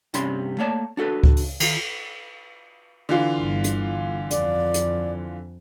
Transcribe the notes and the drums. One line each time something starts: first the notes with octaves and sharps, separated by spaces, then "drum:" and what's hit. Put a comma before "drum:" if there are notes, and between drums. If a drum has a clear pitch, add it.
G2 C3 G3 C#4 B5 C6, drum: hi-hat
A3 A#3 C#5 D5 A5
D4 F#4 A4 B4
drum: kick C#2
drum: open hi-hat
D#3 F4, drum: cymbal
D3 E3 F4
G1
drum: hi-hat
F2 D5, drum: hi-hat
drum: hi-hat